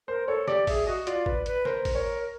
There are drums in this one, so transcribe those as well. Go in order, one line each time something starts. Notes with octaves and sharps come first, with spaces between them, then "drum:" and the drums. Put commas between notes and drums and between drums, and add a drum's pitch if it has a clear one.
A#4 C5
A4 C#5
G4 D5, drum: snare
G#4 E5, drum: kick G#1, open hi-hat
F#4 D#5
F4 D5, drum: hi-hat
B4, drum: kick G#1
B4, drum: hi-hat
A#4 C5, drum: snare
drum: kick G#1, open hi-hat
A#4 C#5